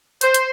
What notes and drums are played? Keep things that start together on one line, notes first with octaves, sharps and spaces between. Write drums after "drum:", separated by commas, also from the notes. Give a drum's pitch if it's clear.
C5, drum: hi-hat
drum: hi-hat